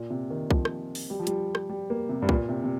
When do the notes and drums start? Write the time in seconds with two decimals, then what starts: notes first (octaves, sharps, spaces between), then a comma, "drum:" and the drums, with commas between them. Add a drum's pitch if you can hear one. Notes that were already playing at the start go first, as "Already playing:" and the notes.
Already playing: A#2
0.10 C3
0.30 D#3
0.51 F3, drum: kick C2
0.65 drum: rim click
0.95 drum: open hi-hat
1.10 G3
1.19 F3
1.27 G3, drum: hi-hat
1.55 drum: rim click
1.69 G3
1.90 A#3
2.09 C3
2.22 G2
2.29 A#2, drum: kick C2
2.49 C3
2.64 C3